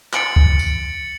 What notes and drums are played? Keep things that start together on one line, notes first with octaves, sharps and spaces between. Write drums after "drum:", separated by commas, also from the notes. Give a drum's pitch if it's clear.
A6 C#7 D7 F#7, drum: clap
drum: kick C#2
drum: tambourine